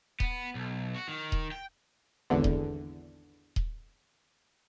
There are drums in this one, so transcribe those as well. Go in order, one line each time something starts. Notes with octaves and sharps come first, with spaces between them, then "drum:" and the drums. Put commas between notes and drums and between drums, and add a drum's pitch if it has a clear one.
B3, drum: kick D#1
B1
F#4
D#3
drum: kick D#1
G5
G#1 E2 D3
drum: kick D#1
drum: kick D#1